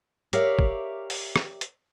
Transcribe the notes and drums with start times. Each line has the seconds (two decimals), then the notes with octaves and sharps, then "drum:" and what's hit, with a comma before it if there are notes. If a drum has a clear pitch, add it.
0.33 G4 A#4 C#5 D5 E5 F5, drum: hi-hat
0.59 drum: kick
1.10 drum: open hi-hat
1.36 drum: rim click
1.61 drum: hi-hat